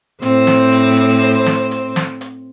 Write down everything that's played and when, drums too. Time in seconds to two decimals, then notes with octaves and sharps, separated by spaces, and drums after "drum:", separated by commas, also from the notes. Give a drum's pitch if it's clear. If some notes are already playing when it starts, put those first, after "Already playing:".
0.22 A2 C4 C5, drum: hi-hat
0.47 drum: snare
0.72 drum: hi-hat
0.97 drum: hi-hat
1.22 drum: hi-hat
1.46 drum: snare
1.71 drum: hi-hat
1.96 drum: snare
2.21 drum: hi-hat